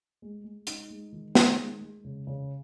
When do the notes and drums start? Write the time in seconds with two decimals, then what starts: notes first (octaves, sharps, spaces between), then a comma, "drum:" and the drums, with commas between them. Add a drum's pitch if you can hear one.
0.22 G#3
0.44 G#3
0.67 D#4, drum: hi-hat
0.90 G#3
1.12 D#3
1.35 D#3, drum: snare
1.58 G#3
1.81 G#3
2.04 C#3
2.27 C#3